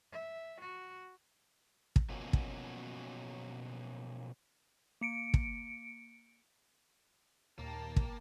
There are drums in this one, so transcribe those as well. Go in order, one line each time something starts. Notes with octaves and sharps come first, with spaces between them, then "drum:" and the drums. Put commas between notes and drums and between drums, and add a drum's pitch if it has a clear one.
E5
F#4
drum: kick
B2 F3 F#3 A#3 C#4
drum: kick
A#3 C#7 D7
drum: kick
D#2 A#2 A#3 G5 A5
drum: kick